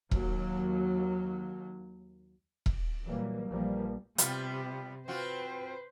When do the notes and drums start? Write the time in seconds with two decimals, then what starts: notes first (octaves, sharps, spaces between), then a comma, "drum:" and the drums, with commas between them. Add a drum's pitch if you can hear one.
0.11 D#2 F#3, drum: kick E1
2.66 drum: kick E1
3.06 A#2 E3 F#3 G3 A#3
3.47 A#1 E3 F3 G3 A#3
4.18 C3 G3 B3 F4, drum: hi-hat
5.08 C4 F4 F#4 B4 C5